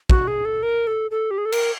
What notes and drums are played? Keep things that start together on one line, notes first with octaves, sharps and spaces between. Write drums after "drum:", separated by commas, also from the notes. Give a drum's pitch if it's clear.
F#4, drum: kick
G#4
A4
A#4
A4
A4
G4
G#4
A4
A#4, drum: cymbal